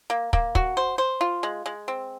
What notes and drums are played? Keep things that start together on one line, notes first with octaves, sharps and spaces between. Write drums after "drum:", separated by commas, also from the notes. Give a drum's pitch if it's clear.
A#3
A#3, drum: kick
F#4, drum: kick
C5
C5
F4
G#3
G#3
C4